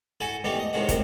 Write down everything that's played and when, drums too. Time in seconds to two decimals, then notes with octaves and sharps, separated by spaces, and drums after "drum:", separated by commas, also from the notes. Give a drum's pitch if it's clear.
0.20 E4 F#4 A4 G#5
0.44 E3 G3 A3 B3 D#4
0.59 D#5
0.73 A2 C3 D#3 G#3 F#4
0.89 F#2 A#2 C4, drum: kick, hi-hat